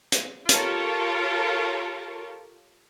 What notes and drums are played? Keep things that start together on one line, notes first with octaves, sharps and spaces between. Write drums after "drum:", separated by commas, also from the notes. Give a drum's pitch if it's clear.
drum: hi-hat
F4 G4 A4 A#4 C#5, drum: hi-hat